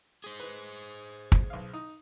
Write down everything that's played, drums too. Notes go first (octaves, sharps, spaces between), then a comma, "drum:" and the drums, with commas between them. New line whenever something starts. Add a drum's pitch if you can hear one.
G#4 C5
B4
drum: kick
B1 F5
D#4